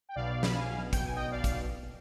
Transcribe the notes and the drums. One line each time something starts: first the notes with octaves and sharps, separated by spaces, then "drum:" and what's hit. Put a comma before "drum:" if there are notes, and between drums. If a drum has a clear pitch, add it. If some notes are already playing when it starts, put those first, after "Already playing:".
G5
B1 B2 D5 F5
B5, drum: snare
F5 G#5
G5, drum: kick, hi-hat
G#5
D#5 G5
D5 F5
drum: kick, hi-hat